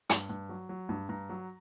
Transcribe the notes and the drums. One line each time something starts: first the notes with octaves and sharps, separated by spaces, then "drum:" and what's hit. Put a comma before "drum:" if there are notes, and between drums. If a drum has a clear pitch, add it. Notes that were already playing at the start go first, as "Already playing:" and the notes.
G2, drum: hi-hat
G2
F#3
F#3
G2
G2 A#5
F#3